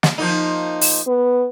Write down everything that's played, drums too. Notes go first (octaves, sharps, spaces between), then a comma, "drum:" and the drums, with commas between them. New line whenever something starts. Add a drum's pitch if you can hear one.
drum: snare
F3 A#3 D#4
drum: open hi-hat
B3